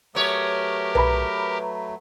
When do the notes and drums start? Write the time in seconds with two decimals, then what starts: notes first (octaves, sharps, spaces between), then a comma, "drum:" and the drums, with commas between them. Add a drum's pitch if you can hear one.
0.15 F#3 A3 B3 G4 A#4 C#5
0.95 B4 A#5 B5, drum: tom B1